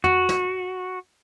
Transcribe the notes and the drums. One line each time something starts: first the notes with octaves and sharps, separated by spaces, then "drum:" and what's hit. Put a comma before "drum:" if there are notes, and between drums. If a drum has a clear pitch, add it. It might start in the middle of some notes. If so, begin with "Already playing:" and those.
F#4, drum: tom
drum: snare